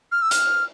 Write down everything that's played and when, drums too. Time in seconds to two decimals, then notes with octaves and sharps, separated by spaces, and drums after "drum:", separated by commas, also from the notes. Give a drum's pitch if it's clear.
0.12 F6
0.22 E6
0.31 F6, drum: hi-hat